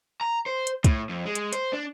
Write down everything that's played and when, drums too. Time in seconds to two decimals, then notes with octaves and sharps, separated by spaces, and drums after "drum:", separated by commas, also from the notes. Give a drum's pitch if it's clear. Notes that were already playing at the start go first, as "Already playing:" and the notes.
0.21 A#5
0.46 C5
0.67 drum: hi-hat
0.84 A2, drum: kick, hi-hat
1.09 F2
1.26 G#3
1.35 drum: hi-hat
1.53 C5, drum: hi-hat
1.73 D4